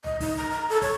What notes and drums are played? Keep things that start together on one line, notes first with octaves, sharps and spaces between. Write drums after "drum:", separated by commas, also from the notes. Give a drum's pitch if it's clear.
D#5, drum: tom C2
D#4, drum: kick, open hi-hat
A#5
A#5
A4
C#5, drum: kick, open hi-hat